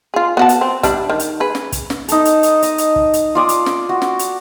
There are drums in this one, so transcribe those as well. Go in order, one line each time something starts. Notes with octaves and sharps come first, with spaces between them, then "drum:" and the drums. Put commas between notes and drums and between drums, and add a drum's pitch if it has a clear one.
F4 G#4
B3 F#4 A5
drum: hi-hat
C4
G3 D4 E4, drum: kick, hi-hat
D#3
drum: hi-hat
G#4 B4
drum: snare
drum: kick, hi-hat
drum: snare
D#4 A4, drum: hi-hat
drum: hi-hat
drum: hi-hat
D#5, drum: hi-hat
drum: hi-hat
drum: kick
drum: hi-hat
F4 D5 D#6
drum: hi-hat
drum: snare
F#4
drum: snare
drum: hi-hat